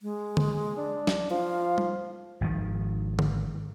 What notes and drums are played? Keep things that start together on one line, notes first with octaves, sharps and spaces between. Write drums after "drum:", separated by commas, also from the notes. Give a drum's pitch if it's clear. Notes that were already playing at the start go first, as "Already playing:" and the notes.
G#3
drum: tom D3
D4
drum: snare
F3 F5
drum: tom G3
G#1 D#3 F3
drum: tom D3